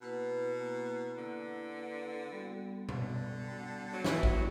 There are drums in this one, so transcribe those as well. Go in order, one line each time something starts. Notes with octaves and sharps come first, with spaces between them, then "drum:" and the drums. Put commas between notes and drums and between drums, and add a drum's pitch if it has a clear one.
B2 A#3 E4 B4 F#5
A#3 E4 B4 F#5
D3 A#3 E4 B4 F#5
A#3 E4 B4 F#5
G3 B3 F#4
D3 G3 B3 F#4, drum: tom B2
G3 B3 F#4
F#3
E3 G3 B3 F#4, drum: snare
F#3, drum: kick A1